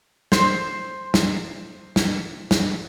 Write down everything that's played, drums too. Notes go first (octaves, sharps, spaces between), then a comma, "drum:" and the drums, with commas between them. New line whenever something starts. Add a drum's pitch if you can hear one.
C5 C6, drum: snare
drum: snare
drum: snare
drum: snare